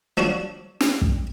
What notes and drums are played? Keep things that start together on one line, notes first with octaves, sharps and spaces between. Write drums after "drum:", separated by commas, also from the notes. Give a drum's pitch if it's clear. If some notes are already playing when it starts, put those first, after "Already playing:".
F3 D4 F4 F#4 C#5
drum: snare
drum: kick